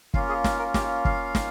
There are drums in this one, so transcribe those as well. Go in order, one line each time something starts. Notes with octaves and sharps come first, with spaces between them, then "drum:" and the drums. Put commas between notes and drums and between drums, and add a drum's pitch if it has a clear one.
A#3 C#4 F4 F5, drum: kick
G#4
drum: snare
A#4
G4, drum: snare
F5, drum: kick
drum: snare